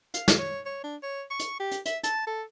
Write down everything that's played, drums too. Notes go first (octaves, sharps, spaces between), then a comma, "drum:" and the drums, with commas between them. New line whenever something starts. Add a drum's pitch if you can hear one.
F5, drum: hi-hat
drum: snare
C#5
C#5
D4
C#5
C#6
drum: hi-hat
G4
drum: hi-hat
E5, drum: hi-hat
A5, drum: hi-hat
A4